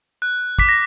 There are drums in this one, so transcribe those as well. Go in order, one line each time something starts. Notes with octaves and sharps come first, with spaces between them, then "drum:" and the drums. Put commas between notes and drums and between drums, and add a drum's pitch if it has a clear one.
F#6
D6 B6, drum: kick
A#6